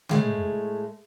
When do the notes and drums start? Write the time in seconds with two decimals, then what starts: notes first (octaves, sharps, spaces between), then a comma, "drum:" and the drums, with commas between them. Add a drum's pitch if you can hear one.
0.09 A2 G#3 A3, drum: tom C#3